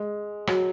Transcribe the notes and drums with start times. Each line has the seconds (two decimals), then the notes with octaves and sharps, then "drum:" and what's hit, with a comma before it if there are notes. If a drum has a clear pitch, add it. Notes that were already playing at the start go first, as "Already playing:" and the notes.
Already playing: G#3
0.47 F#3, drum: rim click